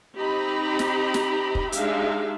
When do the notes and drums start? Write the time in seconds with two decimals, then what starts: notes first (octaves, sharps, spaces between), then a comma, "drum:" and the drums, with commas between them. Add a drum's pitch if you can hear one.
0.17 C4 D#4 G4 D#5 A#5 B5
0.79 drum: snare
1.14 drum: snare
1.55 drum: kick
1.72 G#3 D4 D#4 G4 E5 F5, drum: hi-hat